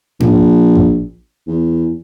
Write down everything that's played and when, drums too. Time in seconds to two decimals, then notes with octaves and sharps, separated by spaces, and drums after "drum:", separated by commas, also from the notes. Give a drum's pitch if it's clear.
0.20 A#1, drum: tom G#2
0.76 drum: kick A1
1.47 E2